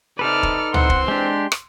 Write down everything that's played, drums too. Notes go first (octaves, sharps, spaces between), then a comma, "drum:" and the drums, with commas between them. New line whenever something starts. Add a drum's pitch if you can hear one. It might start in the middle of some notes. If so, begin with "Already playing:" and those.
C3 D#4 A4 B4 D5 F6
drum: kick
E3 C4 F#5 C6, drum: tom C#2
drum: kick
G#3 D4 G4
drum: rim click